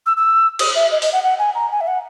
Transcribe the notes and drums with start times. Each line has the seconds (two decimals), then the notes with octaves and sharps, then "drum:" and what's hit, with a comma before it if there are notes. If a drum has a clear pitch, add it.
0.06 E6
0.17 E6
0.59 D#6, drum: cymbal
0.75 E5
0.91 D#5
1.02 D#5, drum: open hi-hat
1.13 F#5
1.23 F#5
1.39 G#5
1.55 A#5
1.71 G#5
1.81 E5
1.87 F#5